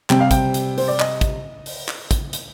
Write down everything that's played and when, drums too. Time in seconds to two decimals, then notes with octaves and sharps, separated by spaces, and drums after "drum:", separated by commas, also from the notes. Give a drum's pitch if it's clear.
0.10 C3 G3 C4 G5, drum: clap
0.20 F5
0.31 G5, drum: kick, hi-hat
0.54 drum: hi-hat
0.78 C5, drum: open hi-hat
0.88 D5
1.00 D#5, drum: clap
1.21 drum: kick, hi-hat
1.66 drum: open hi-hat
1.88 drum: clap
2.11 drum: kick, hi-hat
2.33 drum: hi-hat